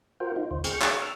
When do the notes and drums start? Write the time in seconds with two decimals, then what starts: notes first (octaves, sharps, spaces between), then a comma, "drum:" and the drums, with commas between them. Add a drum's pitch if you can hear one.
0.20 F4 F#4 A#4 C5 G5
0.36 D#4 F4
0.51 D2 C5
0.64 G#4 G5 C#6 F6, drum: hi-hat
0.82 G#4 C#5 G#5 C#6, drum: clap
1.02 E6 F6